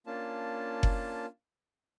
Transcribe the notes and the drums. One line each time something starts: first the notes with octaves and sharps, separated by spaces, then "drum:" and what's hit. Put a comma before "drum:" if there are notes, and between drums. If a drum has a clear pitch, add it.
A#3 C#4 D4 F4 A5
drum: kick F#1